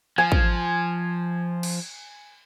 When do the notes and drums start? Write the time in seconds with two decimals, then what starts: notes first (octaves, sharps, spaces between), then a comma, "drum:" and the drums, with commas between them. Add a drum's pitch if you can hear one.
0.18 F3 G#5
0.32 drum: kick
1.63 drum: cymbal